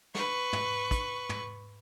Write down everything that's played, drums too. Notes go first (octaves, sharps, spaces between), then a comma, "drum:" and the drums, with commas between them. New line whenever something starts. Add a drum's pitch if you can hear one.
B4 C#6, drum: snare
drum: tom
drum: kick, hi-hat
drum: tom